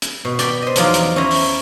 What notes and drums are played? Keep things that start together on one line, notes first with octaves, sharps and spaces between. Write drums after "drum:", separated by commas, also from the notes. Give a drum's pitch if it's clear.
drum: hi-hat
B2
D5 G5 B5, drum: hi-hat
C5 D#5
E2 F3 F#3 D#4 F4 D5, drum: hi-hat
drum: hi-hat
C#4 E4 C5 A#5 B5
drum: open hi-hat